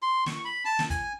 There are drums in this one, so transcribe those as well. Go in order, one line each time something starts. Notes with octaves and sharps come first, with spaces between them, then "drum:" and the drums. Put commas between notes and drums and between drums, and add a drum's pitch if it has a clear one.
C6
C#6, drum: snare
B5
A5
drum: snare
G#5, drum: kick, hi-hat